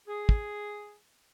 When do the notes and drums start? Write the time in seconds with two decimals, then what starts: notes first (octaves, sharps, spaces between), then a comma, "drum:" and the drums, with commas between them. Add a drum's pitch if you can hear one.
0.07 G#4
0.29 drum: kick